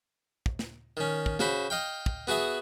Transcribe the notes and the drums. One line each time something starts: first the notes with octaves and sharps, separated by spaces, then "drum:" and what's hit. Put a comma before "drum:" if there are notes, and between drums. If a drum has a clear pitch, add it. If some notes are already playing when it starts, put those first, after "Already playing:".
drum: kick
drum: snare
D#3 C#4
drum: kick
C#3 F#4 C5 B5, drum: snare
D#5 F5 G5
drum: kick
B3 F#4 G#4 E5 F#5